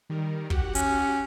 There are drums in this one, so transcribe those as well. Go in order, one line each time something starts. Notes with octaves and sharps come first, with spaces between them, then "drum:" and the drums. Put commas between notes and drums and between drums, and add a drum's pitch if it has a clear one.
D#3 G3 A#4
F#4 G4 F#5, drum: kick
C#4, drum: hi-hat